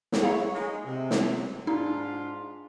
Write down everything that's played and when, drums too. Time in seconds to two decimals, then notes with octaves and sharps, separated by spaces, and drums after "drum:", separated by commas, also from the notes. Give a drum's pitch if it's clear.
0.12 drum: snare
0.22 E4 G#4 C#5 F5 A#5
0.55 G#3 D#4
0.86 C3
1.11 drum: snare
1.67 G#2 D4 D#4 F4